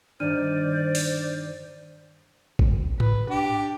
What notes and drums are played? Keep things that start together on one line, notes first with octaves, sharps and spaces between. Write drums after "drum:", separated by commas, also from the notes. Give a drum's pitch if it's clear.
G2 D#3 D4 C5 D5 F6 D#7
drum: open hi-hat
drum: kick
B4, drum: tom G#2
D4 G4